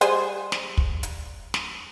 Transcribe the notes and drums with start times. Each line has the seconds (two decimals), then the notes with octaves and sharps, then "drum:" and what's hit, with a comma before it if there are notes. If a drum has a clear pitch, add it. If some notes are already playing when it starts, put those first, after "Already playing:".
0.01 G3 G#4 C5, drum: hi-hat
0.52 drum: snare
0.78 drum: kick
1.03 drum: hi-hat
1.54 drum: snare